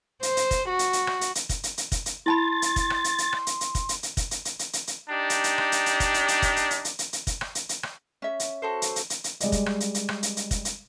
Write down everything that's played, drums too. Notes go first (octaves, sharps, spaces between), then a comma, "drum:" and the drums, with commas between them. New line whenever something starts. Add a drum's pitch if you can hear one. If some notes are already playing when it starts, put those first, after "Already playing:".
C5, drum: hi-hat
drum: hi-hat
drum: kick, hi-hat
F#4
drum: hi-hat
drum: hi-hat
drum: rim click
drum: hi-hat
drum: hi-hat
drum: kick, hi-hat
drum: hi-hat
drum: hi-hat
drum: kick, hi-hat
drum: hi-hat
E4 A5 B5 C6 A6
drum: hi-hat
drum: kick, hi-hat
drum: rim click
drum: hi-hat
drum: hi-hat
drum: rim click
drum: hi-hat
drum: hi-hat
drum: kick, hi-hat
drum: hi-hat
drum: hi-hat
drum: kick, hi-hat
drum: hi-hat
drum: hi-hat
drum: hi-hat
drum: hi-hat
drum: hi-hat
D4 D#4 G4
drum: hi-hat
drum: hi-hat
drum: rim click
drum: hi-hat
drum: hi-hat
drum: kick, hi-hat
drum: hi-hat
drum: hi-hat
drum: kick, hi-hat
drum: hi-hat
drum: hi-hat
drum: hi-hat
drum: hi-hat
drum: hi-hat
drum: kick, hi-hat
drum: rim click
drum: hi-hat
drum: hi-hat
drum: rim click
C#4 E5
drum: hi-hat
F#4 A4 C5
drum: hi-hat
drum: hi-hat
drum: hi-hat
drum: hi-hat
G3 G#3 D5 D#5, drum: hi-hat
drum: kick, hi-hat
drum: rim click
drum: hi-hat
drum: hi-hat
drum: rim click
drum: hi-hat
drum: hi-hat
drum: kick, hi-hat
drum: hi-hat